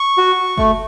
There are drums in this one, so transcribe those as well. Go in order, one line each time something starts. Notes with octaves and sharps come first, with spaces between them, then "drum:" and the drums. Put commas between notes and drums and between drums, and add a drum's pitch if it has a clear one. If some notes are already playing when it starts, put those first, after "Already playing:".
Already playing: C#6
F#4
A3, drum: kick